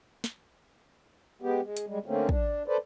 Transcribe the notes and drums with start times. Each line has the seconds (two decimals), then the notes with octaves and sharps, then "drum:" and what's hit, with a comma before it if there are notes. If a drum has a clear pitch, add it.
0.24 drum: snare
1.42 G#3 B3 G4
1.62 G#3
1.77 drum: hi-hat
1.87 G3 G#3
2.06 D3 A3 A#3 C4 C#4
2.29 D4, drum: kick
2.68 A4 B4 C5 D5